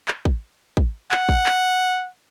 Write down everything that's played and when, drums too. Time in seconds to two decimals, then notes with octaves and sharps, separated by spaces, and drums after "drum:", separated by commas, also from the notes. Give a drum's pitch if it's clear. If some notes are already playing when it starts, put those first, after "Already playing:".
0.08 drum: clap
0.25 drum: kick
0.77 drum: kick
1.11 F#5, drum: clap
1.29 drum: kick
1.46 drum: clap